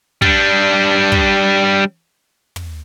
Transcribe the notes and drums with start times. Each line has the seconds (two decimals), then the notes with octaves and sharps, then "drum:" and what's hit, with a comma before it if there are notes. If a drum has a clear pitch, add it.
0.22 G3 D4, drum: kick
1.12 drum: kick
2.56 drum: tom